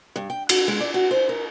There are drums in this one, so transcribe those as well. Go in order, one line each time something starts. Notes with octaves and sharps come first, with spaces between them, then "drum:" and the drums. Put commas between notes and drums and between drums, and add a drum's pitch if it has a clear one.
G2
G5
F#4, drum: cymbal
G#3
D5
F#4
C5
A#4